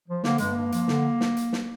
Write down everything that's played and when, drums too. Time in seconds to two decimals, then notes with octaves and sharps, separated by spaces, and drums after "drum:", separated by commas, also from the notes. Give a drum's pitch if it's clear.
0.08 F3
0.24 D3 A#3, drum: snare
0.38 G2 G#3, drum: hi-hat
0.52 G2 A#3
0.72 F3, drum: hi-hat
0.88 D3, drum: snare
1.21 drum: snare
1.37 drum: hi-hat
1.53 drum: snare